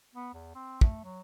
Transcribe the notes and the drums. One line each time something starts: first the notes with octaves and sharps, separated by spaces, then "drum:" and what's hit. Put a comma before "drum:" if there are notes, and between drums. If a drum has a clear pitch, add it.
B3
E2
C4
A3, drum: kick
F#3